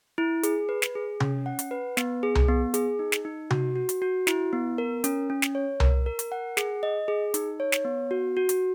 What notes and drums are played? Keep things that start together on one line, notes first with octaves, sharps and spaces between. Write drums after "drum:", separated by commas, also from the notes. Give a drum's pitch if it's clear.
E4
G#4, drum: hi-hat
B4
drum: snare
G#4
C#4, drum: tom C3
F#5
drum: hi-hat
B4
B3, drum: snare
G#4
drum: tom C2
B3
G#4, drum: hi-hat
D#4
drum: snare
D#4
F#4, drum: tom C3
F#4
drum: hi-hat
F#4
E4, drum: snare
B3
A#4
C#4, drum: hi-hat
C#4
drum: snare
C#5
A#4, drum: tom C2
A#4
drum: hi-hat
F#5
G#4, drum: snare
D#5
G#4
D#4, drum: hi-hat
C#5
drum: snare
B3
F#4
F#4
drum: hi-hat